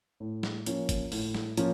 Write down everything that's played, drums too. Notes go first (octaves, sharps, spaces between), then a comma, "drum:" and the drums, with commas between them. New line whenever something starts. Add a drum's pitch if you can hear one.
A2
drum: snare
F3 A#3 C#4, drum: hi-hat
drum: kick, hi-hat
A2, drum: open hi-hat
drum: snare
F3 A#3 C#4, drum: hi-hat